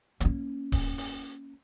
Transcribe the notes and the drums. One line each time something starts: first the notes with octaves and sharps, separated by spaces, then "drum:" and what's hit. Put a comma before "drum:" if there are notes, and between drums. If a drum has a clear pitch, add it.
A#3 C#4, drum: hi-hat
drum: kick D1, open hi-hat
drum: open hi-hat